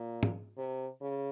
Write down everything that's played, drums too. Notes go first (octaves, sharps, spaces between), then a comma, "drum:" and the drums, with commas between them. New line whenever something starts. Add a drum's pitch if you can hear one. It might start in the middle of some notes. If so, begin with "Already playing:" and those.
Already playing: A#2
drum: tom
C3
C#3